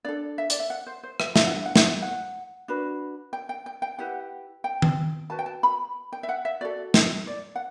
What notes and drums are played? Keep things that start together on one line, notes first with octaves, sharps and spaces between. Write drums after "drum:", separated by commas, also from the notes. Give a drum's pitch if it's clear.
D4 A4 D5
E5
D5, drum: hi-hat
E5
F#5
C5
C5
E5, drum: rim click
D4 G4 B4 E5, drum: snare
F#5
E5
F#5
E5, drum: snare
F#5
D4 F#4 B4
G5
G5
G5
G5
E4 G4 B4 F#5
G5
drum: tom D#3
F#4 B4 A5
G5
A5
B5
G5
E5
F#5
E5
F#4 A4 D5
drum: snare
D5
F#5